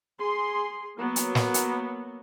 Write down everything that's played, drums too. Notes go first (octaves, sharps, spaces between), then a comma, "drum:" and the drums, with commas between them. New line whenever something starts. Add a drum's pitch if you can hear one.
G#4 C6
F#3 A#3 B3
drum: hi-hat
drum: snare
drum: hi-hat